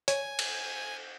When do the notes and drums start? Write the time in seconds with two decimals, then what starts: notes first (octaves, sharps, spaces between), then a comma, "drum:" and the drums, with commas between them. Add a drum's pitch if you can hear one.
0.08 C#5 G#5, drum: hi-hat
0.39 drum: cymbal